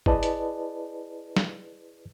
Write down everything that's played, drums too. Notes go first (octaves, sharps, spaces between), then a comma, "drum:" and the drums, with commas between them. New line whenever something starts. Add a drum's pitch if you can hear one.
E4 G#4 B4 D5 D#5 A5, drum: kick G1
drum: hi-hat
drum: snare